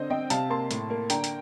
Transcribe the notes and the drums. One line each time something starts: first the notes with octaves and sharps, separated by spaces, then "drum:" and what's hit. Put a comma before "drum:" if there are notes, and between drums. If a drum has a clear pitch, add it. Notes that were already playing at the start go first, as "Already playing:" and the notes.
Already playing: D3 C4 C5 D#5
C4 D#5 G5
C3 F5 A5, drum: hi-hat
A#3 A5 C6
A2, drum: hi-hat
A#3
D3 G5 A#5, drum: hi-hat
drum: hi-hat